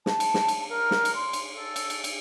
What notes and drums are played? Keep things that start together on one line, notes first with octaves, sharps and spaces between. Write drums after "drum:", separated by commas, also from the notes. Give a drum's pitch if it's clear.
A5, drum: snare
drum: cymbal
drum: snare
drum: cymbal
A#4
drum: snare
drum: cymbal
C6
drum: cymbal
A4
drum: cymbal
drum: cymbal
drum: cymbal